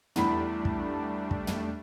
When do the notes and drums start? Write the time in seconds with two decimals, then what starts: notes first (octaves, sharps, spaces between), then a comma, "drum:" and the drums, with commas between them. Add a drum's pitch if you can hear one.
0.16 E2 G3 A3 D4 B5, drum: tom
0.65 drum: kick
1.31 drum: kick
1.47 drum: tom